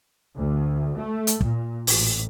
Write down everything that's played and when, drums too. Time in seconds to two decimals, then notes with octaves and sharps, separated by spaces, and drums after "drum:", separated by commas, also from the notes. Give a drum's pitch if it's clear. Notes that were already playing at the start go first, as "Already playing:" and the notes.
0.36 D2
0.97 A3
1.27 drum: hi-hat
1.41 A#2, drum: kick
1.87 A1, drum: open hi-hat